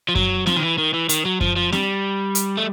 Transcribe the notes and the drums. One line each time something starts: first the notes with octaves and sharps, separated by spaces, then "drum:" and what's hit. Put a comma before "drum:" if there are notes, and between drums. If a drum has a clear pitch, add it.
F3
F#3, drum: kick F#2
F3, drum: snare C4
D#3
E3
D#3
E3
D#3, drum: hi-hat
F#3
F3, drum: kick F#2
F3
G3, drum: snare C4
drum: hi-hat
A3